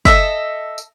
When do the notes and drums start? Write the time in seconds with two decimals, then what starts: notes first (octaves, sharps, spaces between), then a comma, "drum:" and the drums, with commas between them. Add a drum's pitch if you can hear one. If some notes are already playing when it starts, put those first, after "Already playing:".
0.05 A4 D#5 E5, drum: kick, tambourine
0.78 drum: tambourine